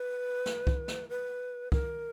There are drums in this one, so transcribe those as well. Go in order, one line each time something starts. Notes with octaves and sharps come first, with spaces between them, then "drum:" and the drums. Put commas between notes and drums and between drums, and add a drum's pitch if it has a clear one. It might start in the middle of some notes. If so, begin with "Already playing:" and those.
Already playing: B4
drum: snare
drum: kick
drum: snare
B4
A#4, drum: kick